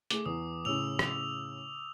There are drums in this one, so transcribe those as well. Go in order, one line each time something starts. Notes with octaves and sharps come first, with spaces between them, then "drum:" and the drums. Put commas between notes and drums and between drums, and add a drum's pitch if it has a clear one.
A3 G#4 D6, drum: hi-hat
E2 D#6
A2 C#3 E6 F7
drum: rim click